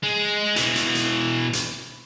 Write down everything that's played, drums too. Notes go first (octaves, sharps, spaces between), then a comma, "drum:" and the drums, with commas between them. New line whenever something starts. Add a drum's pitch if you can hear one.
G#3
B2 E3, drum: hi-hat
drum: hi-hat
drum: hi-hat
drum: hi-hat